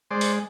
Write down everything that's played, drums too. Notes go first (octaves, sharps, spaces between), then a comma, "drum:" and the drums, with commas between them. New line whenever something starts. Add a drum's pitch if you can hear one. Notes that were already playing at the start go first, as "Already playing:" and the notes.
G#3 C5 D5
drum: open hi-hat